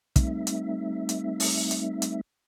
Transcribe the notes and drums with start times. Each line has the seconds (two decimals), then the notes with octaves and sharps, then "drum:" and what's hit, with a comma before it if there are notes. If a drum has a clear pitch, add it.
0.16 G3 A3 C4 D#4 E5, drum: kick, hi-hat
0.47 drum: hi-hat
1.09 drum: hi-hat
1.40 drum: open hi-hat
1.71 drum: hi-hat
2.02 drum: hi-hat